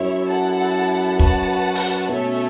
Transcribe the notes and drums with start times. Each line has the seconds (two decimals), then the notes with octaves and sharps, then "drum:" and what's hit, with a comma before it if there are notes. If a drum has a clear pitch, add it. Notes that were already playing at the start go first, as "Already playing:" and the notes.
Already playing: F#2 E4 C#5 E5
0.28 E4 A4 F#5 A5
1.19 F#4 B4 F#5 A5, drum: kick
1.75 drum: open hi-hat
2.09 B2 A3 C#4 A4 C#5 E5